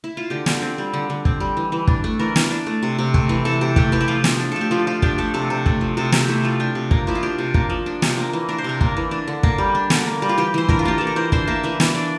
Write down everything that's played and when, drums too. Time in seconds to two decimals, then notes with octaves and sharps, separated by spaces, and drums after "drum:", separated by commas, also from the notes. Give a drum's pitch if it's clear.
0.04 E4
0.17 F4
0.30 D3 G4
0.46 D3, drum: snare
0.62 C4
0.78 G3
0.93 D3
1.10 D3
1.25 C4, drum: kick
1.40 G3
1.57 E3
1.72 E3
1.87 D4, drum: kick
2.04 A3
2.19 E3 A#4
2.36 E3, drum: snare
2.50 D4
2.67 A3
2.83 C3
2.99 C3
3.14 A3, drum: kick
3.29 E3
3.45 C3 A4
3.61 C3 G4
3.76 A3 G4, drum: kick
3.92 E3 G4
4.01 E4
4.08 F3 F4
4.24 F3, drum: snare
4.39 D4
4.52 A3 A4
4.61 G4
4.71 F3 F4
4.87 F3 F4
5.02 D4 G4, drum: kick
5.18 A3 A4
5.34 C3 A4
5.50 C3
5.66 A3, drum: kick
5.81 F3
5.97 C3 A4
6.12 C3 G4, drum: snare
6.28 A3 E4
6.44 F3 F4
6.60 D4 G4
6.75 C3
6.91 A#3, drum: kick
7.07 F3 E4
7.15 F4
7.23 D4 G4
7.38 C3
7.54 A#3, drum: kick
7.70 F3
7.86 D4
8.02 C3, drum: snare
8.17 A#3
8.33 E3
8.49 D4 A#4
8.58 C5
8.64 C3 A#4
8.81 A#3, drum: kick
8.97 E3
9.11 D4
9.27 D3
9.43 A#3, drum: kick
9.58 G3
9.75 D4
9.90 D3, drum: snare
10.06 A#3
10.22 G3
10.29 F4
10.38 E3 G4
10.54 E3 C5
10.69 D4 A#4, drum: kick
10.79 F4
10.85 A#3 G4
10.98 E3 A4
11.07 A#4
11.16 E3 C5
11.32 D4 C5, drum: kick
11.47 A#3 E5
11.63 E3 E5
11.80 E3, drum: snare
11.95 D4 D5